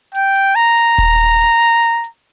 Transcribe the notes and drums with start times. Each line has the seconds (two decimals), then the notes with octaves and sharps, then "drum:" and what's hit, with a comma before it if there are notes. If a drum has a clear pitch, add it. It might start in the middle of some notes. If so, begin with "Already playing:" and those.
0.14 G5, drum: hi-hat
0.35 drum: hi-hat
0.56 A#5, drum: hi-hat
0.77 drum: hi-hat
0.98 drum: kick D#1, hi-hat
1.19 drum: hi-hat
1.41 drum: hi-hat
1.62 drum: hi-hat
1.83 drum: hi-hat
2.04 drum: hi-hat